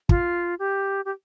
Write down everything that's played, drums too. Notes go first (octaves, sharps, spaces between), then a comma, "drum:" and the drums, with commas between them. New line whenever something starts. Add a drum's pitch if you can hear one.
F4, drum: kick
G4
G4